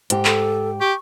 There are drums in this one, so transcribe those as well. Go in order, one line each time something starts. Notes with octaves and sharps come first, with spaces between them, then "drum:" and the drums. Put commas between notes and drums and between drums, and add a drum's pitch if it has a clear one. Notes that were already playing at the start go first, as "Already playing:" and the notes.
G#2 G4, drum: hi-hat
A4, drum: clap
G4 C#6